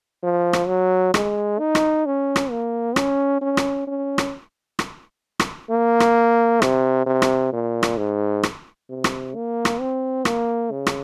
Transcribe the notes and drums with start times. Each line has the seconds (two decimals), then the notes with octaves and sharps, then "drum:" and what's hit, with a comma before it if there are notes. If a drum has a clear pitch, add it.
0.23 F3
0.53 drum: rim click
0.68 F#3
1.14 G#3, drum: rim click
1.59 D#4
1.75 drum: rim click
2.06 C#4
2.36 drum: rim click
2.51 A#3
2.96 C#4, drum: rim click
3.41 C#4
3.57 drum: rim click
3.87 C#4
4.18 drum: rim click
4.79 drum: rim click
5.40 drum: rim click
5.70 A#3
6.00 drum: rim click
6.62 C3, drum: rim click
7.06 C3
7.22 drum: rim click
7.53 A#2
7.83 drum: rim click
7.97 G#2
8.43 drum: rim click
8.90 C3
9.04 drum: rim click
9.35 A#3
9.65 drum: rim click
9.80 C4
10.25 A#3, drum: rim click
10.72 C#3
10.87 drum: rim click